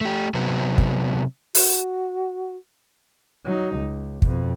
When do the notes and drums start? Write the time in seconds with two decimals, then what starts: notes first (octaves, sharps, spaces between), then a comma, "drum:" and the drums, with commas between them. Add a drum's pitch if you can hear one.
0.01 A3 G4
0.35 C3 F#3 B3 C4
0.78 drum: kick
1.55 F#4, drum: open hi-hat
3.45 F#3 D#4
3.76 C#2
4.22 F2 B2, drum: kick